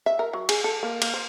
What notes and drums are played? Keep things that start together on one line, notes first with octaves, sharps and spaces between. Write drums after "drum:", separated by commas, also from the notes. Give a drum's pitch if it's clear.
E5
A#4
F#3
G#4, drum: cymbal
A4
A#3
A#3, drum: cymbal
C5